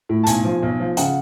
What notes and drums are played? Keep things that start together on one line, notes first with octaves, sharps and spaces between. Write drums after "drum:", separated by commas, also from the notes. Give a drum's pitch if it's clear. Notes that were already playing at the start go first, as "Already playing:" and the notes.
A2
A5
B1 G#5, drum: hi-hat
F3
B1
F3
C#3 F#5, drum: hi-hat